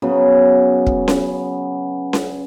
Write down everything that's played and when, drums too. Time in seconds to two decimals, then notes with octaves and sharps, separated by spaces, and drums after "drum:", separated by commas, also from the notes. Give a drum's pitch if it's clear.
0.02 C#3 F#3 B3
0.87 drum: kick
1.08 drum: snare C#4
2.13 drum: snare C#4